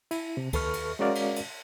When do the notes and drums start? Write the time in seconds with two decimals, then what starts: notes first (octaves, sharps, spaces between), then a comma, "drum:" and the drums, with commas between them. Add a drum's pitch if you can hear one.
0.11 E4, drum: cymbal
0.37 C3
0.53 D#2 A4 B4 C#6 F6, drum: kick C#2, cymbal
0.74 drum: cymbal
0.99 G#3 C#4 F#4 A#4 D5 F5
1.15 drum: cymbal
1.36 drum: cymbal